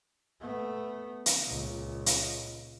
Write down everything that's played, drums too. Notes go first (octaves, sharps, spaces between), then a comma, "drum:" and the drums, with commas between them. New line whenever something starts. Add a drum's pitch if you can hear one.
A3 B3
drum: hi-hat
C#2 A#2
drum: hi-hat